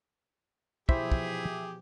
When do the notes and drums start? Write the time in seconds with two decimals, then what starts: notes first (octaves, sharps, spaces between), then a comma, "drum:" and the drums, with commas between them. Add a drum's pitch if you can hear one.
0.89 B2 E3 F3 E4 G4 G#4 C5 E5, drum: kick
1.12 drum: kick